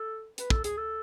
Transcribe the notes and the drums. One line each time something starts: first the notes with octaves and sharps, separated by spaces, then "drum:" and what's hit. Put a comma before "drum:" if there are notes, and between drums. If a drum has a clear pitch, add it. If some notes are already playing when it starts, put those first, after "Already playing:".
Already playing: A4
B4, drum: hi-hat
A4, drum: kick
G#4, drum: hi-hat
A4